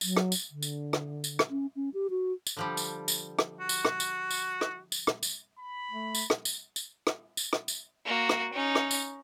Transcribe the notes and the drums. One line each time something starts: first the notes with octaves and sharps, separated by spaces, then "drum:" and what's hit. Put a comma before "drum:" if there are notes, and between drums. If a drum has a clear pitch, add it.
F#3, drum: tambourine
drum: rim click
drum: tambourine
D3
drum: tambourine
drum: rim click
drum: tambourine
drum: rim click
C#4
C#4
G4
F#4
drum: tambourine
D3 F3 G3
drum: tambourine
drum: tambourine
drum: rim click
F#4
drum: tambourine
drum: rim click
drum: tambourine
drum: tambourine
drum: rim click
drum: tambourine
drum: rim click
drum: tambourine
B5
A3
drum: tambourine
drum: rim click
drum: tambourine
drum: tambourine
drum: rim click
drum: tambourine
drum: rim click
drum: tambourine
A#3 F#4
drum: rim click
C#4 D#4
drum: rim click
drum: tambourine